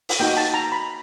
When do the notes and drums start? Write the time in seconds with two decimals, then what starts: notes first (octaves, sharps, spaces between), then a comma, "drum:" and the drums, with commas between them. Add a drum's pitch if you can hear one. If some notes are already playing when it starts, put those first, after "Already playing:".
0.09 drum: open hi-hat
0.20 A#3 D#4 F#4 G5
0.37 A5
0.54 A#5
0.72 B5